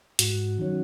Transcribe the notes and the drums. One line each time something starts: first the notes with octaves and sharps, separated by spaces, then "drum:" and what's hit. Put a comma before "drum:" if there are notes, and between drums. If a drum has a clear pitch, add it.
G#2 F#4, drum: hi-hat
D#3 F#3 C#4